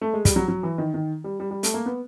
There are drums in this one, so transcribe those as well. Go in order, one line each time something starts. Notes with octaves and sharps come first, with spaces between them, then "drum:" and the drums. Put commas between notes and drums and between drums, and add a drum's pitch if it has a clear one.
A3
G#3
G3, drum: kick, hi-hat
F#3
F#3
E3
D#3
D#3
G3
G3
G3
A3, drum: hi-hat
A#3
B3